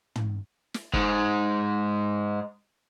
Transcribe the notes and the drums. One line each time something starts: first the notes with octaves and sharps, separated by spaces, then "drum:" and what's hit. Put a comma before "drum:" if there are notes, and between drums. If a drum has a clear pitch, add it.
drum: tom
drum: snare
G#2 G#3, drum: kick